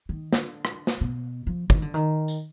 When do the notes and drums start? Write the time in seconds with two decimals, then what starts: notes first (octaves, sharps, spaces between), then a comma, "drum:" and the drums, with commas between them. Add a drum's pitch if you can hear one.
0.09 D#3
0.33 D3, drum: snare
0.65 drum: rim click
0.87 drum: snare
1.01 B2
1.47 F3
1.70 D#3, drum: kick
1.82 D3
1.94 D#3
2.28 drum: tambourine